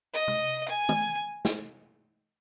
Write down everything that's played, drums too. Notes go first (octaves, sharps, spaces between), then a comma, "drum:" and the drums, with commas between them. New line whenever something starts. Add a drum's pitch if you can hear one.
D#5
drum: tom
G#5
drum: tom
drum: snare